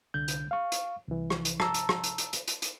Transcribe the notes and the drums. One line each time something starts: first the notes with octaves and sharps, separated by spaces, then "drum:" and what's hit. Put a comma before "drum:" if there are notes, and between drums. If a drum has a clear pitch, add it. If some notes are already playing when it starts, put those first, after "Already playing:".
C2 D3 G6
drum: hi-hat
F5 C#6
drum: hi-hat
C2 E3
drum: rim click
drum: hi-hat
A5 A#5 E6, drum: rim click
drum: hi-hat
drum: rim click
drum: hi-hat
drum: hi-hat
drum: hi-hat
drum: hi-hat
drum: hi-hat